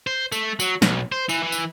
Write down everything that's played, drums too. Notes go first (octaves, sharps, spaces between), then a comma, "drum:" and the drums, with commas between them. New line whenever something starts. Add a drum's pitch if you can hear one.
C5
A3, drum: tambourine
F#3, drum: tambourine
B1, drum: snare
C5
E3, drum: tambourine
E3
drum: tambourine